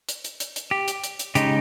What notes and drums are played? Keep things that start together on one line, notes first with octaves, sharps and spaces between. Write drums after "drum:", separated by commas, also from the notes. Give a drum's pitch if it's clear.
drum: hi-hat
drum: hi-hat
drum: hi-hat
drum: hi-hat
G4
drum: hi-hat
drum: hi-hat
drum: hi-hat
C#3 G#3 D#4 G4, drum: hi-hat